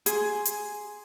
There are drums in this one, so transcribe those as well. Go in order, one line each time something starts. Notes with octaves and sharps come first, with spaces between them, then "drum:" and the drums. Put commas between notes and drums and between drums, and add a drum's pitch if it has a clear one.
G#4 C6, drum: hi-hat
drum: hi-hat